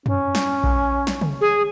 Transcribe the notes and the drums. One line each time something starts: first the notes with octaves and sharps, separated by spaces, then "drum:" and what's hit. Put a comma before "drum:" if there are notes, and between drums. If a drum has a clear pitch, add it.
C#4, drum: tom
drum: snare
drum: kick A#1
drum: snare
drum: tom
G#4